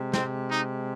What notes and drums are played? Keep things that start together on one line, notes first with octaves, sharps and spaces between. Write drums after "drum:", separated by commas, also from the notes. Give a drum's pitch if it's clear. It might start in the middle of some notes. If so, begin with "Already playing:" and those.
Already playing: C3 G#3
C4, drum: snare
D#4